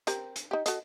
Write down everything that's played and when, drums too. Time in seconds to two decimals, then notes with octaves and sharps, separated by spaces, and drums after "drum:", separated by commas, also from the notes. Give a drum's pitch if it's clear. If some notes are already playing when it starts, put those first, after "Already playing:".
0.07 C4 G4 A#4, drum: hi-hat
0.36 drum: hi-hat
0.51 D#4 G4
0.66 F#4 A4 D#5, drum: hi-hat